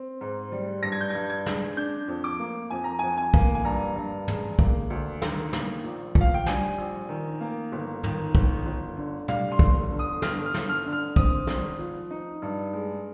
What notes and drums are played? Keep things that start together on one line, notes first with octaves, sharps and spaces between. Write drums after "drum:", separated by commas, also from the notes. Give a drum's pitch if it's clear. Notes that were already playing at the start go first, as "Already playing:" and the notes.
Already playing: C4
G#2
G3
G2 A#6
G#6
G6
G2 G#6
G#6
G#3, drum: snare
D4 G6
F2
D6
A#3
F2 G#5
A#5
F2 G#5
G#5
A#3, drum: kick
G#5
G2 A#5
G2
G#3, drum: tom
A#3, drum: kick
D2
D#3, drum: snare
A#3, drum: snare
A#1
F3, drum: kick
F5
G5
G3 G#5, drum: snare
A#1
D#3
A#3
G1
D#3, drum: tom
G1, drum: kick
G1
D3
G3 F5, drum: tom
C6
G1, drum: kick
D3
D#6
G1 F6, drum: snare
F6
G1, drum: snare
F6
D3
F6
C4 D#6, drum: kick
G#1, drum: snare
F3
D#4
G2
G#3